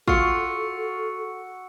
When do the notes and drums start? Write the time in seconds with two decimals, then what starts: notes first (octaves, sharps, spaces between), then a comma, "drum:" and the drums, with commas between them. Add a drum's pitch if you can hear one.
0.08 F4 F#4 A4 C#6 E6 C#7, drum: kick